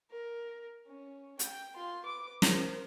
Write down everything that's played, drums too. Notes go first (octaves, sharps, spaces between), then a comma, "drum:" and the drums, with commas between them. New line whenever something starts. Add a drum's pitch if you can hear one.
A#4
C#4
G5, drum: hi-hat
F4 C6
B4 D6
A#4 C5, drum: snare